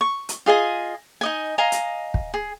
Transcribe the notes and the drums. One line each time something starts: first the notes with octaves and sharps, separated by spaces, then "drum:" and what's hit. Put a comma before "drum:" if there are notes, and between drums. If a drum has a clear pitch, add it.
C#6
drum: hi-hat
F4 G#4 D#5 G#5
D#4 D#5 G#5
D#5 F5 G#5 A#5
drum: hi-hat
drum: kick
G#4